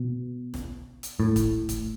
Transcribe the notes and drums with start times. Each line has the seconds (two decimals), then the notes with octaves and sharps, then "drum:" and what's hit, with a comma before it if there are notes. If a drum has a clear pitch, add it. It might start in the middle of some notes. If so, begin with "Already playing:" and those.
Already playing: B2
0.54 drum: snare
1.03 drum: hi-hat
1.20 A2
1.36 drum: kick, hi-hat
1.69 drum: kick, hi-hat